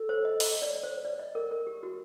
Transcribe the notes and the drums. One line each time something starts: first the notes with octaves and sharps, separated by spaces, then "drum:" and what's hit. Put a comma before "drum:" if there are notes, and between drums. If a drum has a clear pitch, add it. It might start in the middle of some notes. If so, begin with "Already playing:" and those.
Already playing: A4
C5
D#5
D#5, drum: open hi-hat
D5
C5
D5
D#5
A#4
A#4
G4
F#4